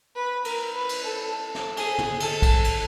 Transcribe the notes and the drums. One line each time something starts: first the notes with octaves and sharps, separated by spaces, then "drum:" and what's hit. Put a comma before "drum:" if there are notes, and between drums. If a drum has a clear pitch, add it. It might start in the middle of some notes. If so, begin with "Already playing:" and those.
B4
A#4, drum: cymbal
B4
drum: cymbal
A4
A4
drum: snare
G#4, drum: cymbal
drum: tom
A4, drum: cymbal
drum: kick, cymbal
drum: cymbal